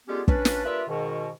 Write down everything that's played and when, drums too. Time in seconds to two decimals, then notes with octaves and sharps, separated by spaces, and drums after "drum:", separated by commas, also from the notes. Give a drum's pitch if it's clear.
0.08 D3 G#3 B3 C#4 F4 G4
0.28 C#4 D4 B4, drum: kick
0.45 drum: snare
0.64 G2 A#3 F4 B4 D5 E5
0.88 G#2 B2 D#3